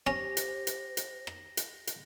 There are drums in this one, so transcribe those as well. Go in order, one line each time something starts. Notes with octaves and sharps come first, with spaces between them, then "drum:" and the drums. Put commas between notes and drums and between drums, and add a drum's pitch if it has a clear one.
C#4 G4 C5 A#6, drum: rim click
drum: hi-hat
drum: hi-hat
drum: hi-hat
drum: rim click
drum: hi-hat
drum: hi-hat